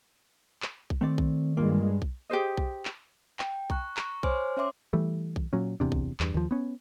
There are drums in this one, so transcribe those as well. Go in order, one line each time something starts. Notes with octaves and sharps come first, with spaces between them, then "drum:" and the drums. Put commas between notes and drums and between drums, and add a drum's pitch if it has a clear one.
drum: clap
drum: kick B1
D#3 A3 C4 D5
drum: kick B1
G2 G#3 A#3 F4
drum: kick B1
G4 G#4 C5 D#5
drum: kick B1
drum: clap
G5, drum: clap
A#5 C#6 F#6, drum: kick B1
A#5 C#6, drum: clap
C5 C#5 G#5 C6 D6 F6, drum: kick B1
C#4 C#5 E5 C6 D6
E3 G3 A3
drum: kick B1
A#2 F#3 C#4
D1 E2 C3 D4
drum: kick B1
E2 G2, drum: clap
D#2 F3
B3 C#4